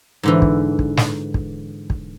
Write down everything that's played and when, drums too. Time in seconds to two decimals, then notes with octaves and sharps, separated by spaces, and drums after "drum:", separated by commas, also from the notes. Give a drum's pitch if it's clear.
0.23 G#2 D3 E3
0.42 drum: kick
0.79 drum: kick
0.97 drum: snare
1.34 drum: kick
1.90 drum: kick